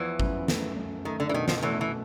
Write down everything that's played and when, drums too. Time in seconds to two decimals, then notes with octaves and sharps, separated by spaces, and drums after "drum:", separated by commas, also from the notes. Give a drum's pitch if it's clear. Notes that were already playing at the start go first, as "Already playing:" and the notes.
Already playing: E2 E3 F3 B3
0.20 F#2, drum: kick G#1
0.48 A3, drum: snare
0.77 F#2
1.05 D#3 A3
1.20 D3
1.29 E3
1.34 B2 D#3
1.48 F2 F3, drum: snare
1.58 D#3
1.62 E2 E3 A3
1.81 E3